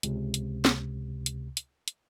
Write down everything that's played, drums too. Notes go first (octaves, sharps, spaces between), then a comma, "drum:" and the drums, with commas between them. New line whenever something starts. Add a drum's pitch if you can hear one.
C#2 C3, drum: hi-hat
drum: hi-hat
drum: snare
drum: hi-hat
drum: hi-hat
drum: hi-hat